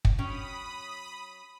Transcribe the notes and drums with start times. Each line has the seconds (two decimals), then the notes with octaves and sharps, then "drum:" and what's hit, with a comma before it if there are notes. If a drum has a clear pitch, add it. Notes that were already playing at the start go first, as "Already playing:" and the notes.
0.05 drum: kick
0.18 F#3 C#4 G5 B5 D#6